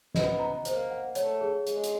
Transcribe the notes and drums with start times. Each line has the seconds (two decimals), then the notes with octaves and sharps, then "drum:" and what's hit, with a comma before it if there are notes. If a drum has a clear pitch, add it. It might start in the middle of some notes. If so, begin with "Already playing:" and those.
0.15 B3 D#5, drum: snare
0.40 A#5
0.65 A#3 C5, drum: hi-hat
0.90 F#5
1.15 A3 C#5, drum: hi-hat
1.41 G#4
1.67 G#3 G#4, drum: hi-hat
1.84 drum: hi-hat